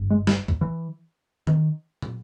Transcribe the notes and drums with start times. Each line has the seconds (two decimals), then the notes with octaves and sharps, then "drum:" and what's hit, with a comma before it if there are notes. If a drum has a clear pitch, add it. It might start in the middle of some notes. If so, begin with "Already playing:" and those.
Already playing: G1 G2
0.10 G#3
0.27 G3, drum: snare
0.48 drum: kick C2
0.61 E3
1.47 D#3, drum: tom E3
2.02 drum: tom